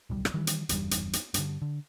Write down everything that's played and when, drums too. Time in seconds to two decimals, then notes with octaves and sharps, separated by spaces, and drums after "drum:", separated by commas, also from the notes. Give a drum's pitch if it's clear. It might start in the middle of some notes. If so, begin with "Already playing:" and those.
0.10 D1 B1 G3
0.25 drum: rim click
0.34 D#3 E3 G3
0.47 drum: hi-hat
0.69 F#1 E2 G2 G3, drum: hi-hat
0.91 drum: hi-hat
1.13 drum: hi-hat
1.34 G2 D3, drum: hi-hat
1.62 D3